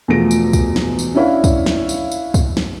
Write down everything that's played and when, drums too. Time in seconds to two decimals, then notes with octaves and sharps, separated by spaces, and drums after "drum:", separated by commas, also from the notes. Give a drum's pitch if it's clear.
0.08 E2 B2 F3 A3 A#6 D7
0.31 drum: tambourine
0.53 drum: kick, tambourine
0.76 drum: snare
0.99 drum: tambourine
1.15 C#4 D4 E4 C#5 E5 F5
1.44 drum: kick, tambourine
1.66 drum: snare
1.89 drum: tambourine
2.12 drum: tambourine
2.34 drum: kick, tambourine
2.57 drum: snare